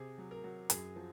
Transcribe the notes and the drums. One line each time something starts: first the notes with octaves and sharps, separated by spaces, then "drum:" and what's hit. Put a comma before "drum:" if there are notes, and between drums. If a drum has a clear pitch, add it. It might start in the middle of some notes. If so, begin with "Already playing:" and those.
Already playing: C3 G#4
F#3
A#4
F#3
F#2 G#4, drum: hi-hat
F3